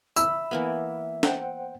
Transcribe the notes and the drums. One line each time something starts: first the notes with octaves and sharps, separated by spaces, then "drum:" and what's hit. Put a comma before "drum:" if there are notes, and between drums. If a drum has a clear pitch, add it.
E5 B5 E6, drum: tambourine
E3 A#3 B3
C5 F#5 G5, drum: snare